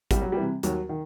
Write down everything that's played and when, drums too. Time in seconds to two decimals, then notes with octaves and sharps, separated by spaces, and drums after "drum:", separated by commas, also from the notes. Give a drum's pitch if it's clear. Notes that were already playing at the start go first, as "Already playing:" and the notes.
0.11 C2 G3, drum: kick G#1, hi-hat
0.22 F#3
0.32 G3
0.37 C3 E3
0.63 D#2 F#3, drum: hi-hat
0.89 D#3